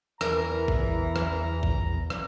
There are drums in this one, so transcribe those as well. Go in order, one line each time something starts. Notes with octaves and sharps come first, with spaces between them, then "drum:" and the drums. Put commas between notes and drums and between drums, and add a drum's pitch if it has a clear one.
E2 E3 A#4 A#5, drum: rim click
drum: kick G#1
drum: rim click
drum: kick G#1
drum: rim click